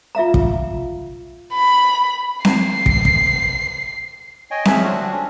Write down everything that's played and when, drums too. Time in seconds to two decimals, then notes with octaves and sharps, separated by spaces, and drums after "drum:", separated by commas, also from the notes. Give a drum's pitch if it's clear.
0.15 F4 E5 F5 A#5
0.34 drum: kick
1.54 B5
2.45 C7, drum: snare C4
2.86 drum: kick
3.05 drum: kick
4.51 C#5 D#5 G5 G#5
4.65 F3 C#4 G#4 C#5 E5 F#6, drum: snare C4
4.83 D3 C4 D4 F#4
5.12 C#4